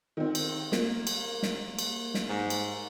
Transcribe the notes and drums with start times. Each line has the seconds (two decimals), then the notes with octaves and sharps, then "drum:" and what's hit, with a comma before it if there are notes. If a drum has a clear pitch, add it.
0.17 D#3 C4
0.35 drum: cymbal
0.72 A#3, drum: snare
1.07 drum: cymbal
1.43 drum: snare
1.79 drum: cymbal
2.14 drum: snare
2.29 G#2
2.50 drum: cymbal